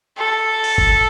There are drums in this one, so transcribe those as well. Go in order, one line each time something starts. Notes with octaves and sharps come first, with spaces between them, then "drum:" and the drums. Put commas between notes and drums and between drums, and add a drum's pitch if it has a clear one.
A4
drum: open hi-hat
drum: kick G1